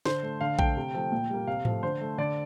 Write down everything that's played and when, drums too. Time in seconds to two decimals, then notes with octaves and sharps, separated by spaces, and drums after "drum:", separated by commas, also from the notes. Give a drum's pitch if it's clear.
0.05 D3 C5, drum: snare
0.23 A3
0.41 D3 F5
0.59 A3 G5, drum: kick A#1
0.76 C3
0.94 F3 A3
1.12 A#2
1.30 G3 A#3
1.47 C3 F5
1.65 F3 A3, drum: tom G#2
1.83 D3 C5
2.01 A3
2.18 D3 D5